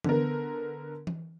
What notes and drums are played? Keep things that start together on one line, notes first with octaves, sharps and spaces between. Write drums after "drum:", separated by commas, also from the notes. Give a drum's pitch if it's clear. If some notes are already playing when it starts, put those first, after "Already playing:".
D3 B3 A#4, drum: tom E3
drum: tom E3